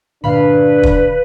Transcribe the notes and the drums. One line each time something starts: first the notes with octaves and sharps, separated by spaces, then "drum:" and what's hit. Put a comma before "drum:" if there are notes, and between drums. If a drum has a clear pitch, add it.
G2 A#2 D3 D4 B4 F5 B5
drum: kick